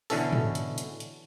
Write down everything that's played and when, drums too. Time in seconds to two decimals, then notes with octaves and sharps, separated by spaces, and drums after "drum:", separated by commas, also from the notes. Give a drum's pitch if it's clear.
0.10 B2 D3 E3 C#4 A4, drum: open hi-hat
0.33 drum: tom G#2
0.55 drum: hi-hat
0.78 drum: hi-hat
1.00 drum: hi-hat